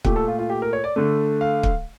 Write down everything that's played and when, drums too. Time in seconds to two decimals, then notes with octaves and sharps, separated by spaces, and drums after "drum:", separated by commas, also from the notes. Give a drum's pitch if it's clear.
0.04 A#2 A3 G4, drum: kick
0.16 A4
0.28 F4
0.39 F4
0.50 G4
0.62 A#4
0.73 C#5
0.84 D5
0.96 D3 A3
1.41 F5
1.63 drum: kick